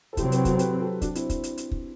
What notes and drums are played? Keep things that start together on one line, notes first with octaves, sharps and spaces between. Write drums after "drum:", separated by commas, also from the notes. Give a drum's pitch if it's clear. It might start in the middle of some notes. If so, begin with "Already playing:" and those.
A4
C3 F#3 C4 E4 G4, drum: kick, hi-hat
G4 B4, drum: hi-hat
F#4 A4, drum: kick, hi-hat
C5
G4 B4, drum: hi-hat
F#4 A4
D4 F#4, drum: kick, hi-hat
C4 E4, drum: hi-hat
drum: kick, hi-hat
drum: hi-hat
drum: hi-hat
drum: kick